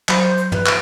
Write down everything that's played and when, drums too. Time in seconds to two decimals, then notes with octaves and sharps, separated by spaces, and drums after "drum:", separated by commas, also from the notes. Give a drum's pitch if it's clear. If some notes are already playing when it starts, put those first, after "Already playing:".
0.09 F#3 C5, drum: clap
0.38 drum: hi-hat
0.52 F3 B4, drum: tom
0.66 drum: clap